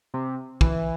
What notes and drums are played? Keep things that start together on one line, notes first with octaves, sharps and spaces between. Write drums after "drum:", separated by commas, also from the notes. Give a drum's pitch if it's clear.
C3
E3, drum: kick